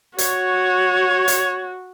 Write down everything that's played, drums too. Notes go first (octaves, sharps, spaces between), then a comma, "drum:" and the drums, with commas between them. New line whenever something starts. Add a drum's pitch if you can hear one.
F#4 C#5, drum: hi-hat
drum: hi-hat